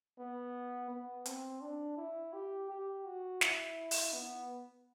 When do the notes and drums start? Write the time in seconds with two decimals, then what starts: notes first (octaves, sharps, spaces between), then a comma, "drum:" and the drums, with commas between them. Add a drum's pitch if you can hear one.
0.19 B3
0.90 B3
1.26 C4, drum: hi-hat
1.61 D4
1.97 E4
2.33 G4
2.70 G4
3.05 F#4
3.41 E4, drum: snare
3.91 drum: open hi-hat
4.13 B3